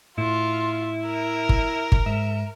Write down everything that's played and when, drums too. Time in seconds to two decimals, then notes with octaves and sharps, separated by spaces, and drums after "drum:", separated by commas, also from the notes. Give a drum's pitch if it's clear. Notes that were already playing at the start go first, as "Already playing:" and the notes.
0.18 A2 E4 F4
1.07 A#4
1.49 drum: kick G1
1.92 drum: kick G1
2.06 G#2 E5